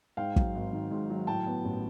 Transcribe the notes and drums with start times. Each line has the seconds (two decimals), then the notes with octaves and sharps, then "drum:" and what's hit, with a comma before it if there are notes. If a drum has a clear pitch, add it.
0.17 G#2 F5 G5
0.36 F#3, drum: kick
0.55 G#1
0.73 D#3
0.91 G#2
1.10 F#3
1.27 A2 G5 A5
1.46 B3
1.65 A1